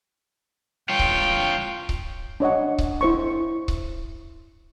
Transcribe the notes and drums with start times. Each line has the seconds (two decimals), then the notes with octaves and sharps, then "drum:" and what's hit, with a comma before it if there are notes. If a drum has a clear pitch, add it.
0.89 F4 C#5 G5
0.99 drum: kick C#1
1.89 drum: kick C#1
2.40 D4 C#5 D#5 F#5
2.78 drum: kick C#1
3.01 E4 C5 C#6
3.68 drum: kick C#1